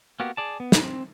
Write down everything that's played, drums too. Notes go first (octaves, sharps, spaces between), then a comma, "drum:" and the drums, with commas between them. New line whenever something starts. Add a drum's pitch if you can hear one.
A#3 B3 F#4 G4
G#4 D5 A5
B3
drum: snare
C4